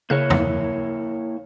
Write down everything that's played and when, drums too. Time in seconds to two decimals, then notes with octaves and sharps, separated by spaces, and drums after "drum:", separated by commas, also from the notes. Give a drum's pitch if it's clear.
0.10 C#3 A#3 E4 C#5 F#6
0.30 drum: tom E2